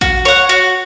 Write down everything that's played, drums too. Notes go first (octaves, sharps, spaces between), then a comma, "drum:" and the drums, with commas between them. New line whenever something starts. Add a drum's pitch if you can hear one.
F#4, drum: kick
C#5 F#5
F#4